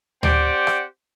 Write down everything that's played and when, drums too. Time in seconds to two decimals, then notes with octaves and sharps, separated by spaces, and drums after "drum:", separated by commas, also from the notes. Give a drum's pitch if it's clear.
0.23 C4 G4 C5 D5 F#5, drum: tom D2
0.67 drum: rim click